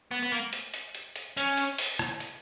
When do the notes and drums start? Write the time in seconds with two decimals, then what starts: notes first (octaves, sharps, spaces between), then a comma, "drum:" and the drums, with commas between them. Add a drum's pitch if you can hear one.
0.11 B3
0.23 B3
0.32 A#3
0.53 drum: hi-hat
0.74 drum: hi-hat
0.95 drum: hi-hat
1.16 drum: hi-hat
1.37 C#4, drum: hi-hat
1.57 drum: hi-hat
1.78 drum: open hi-hat
1.99 drum: rim click
2.20 drum: hi-hat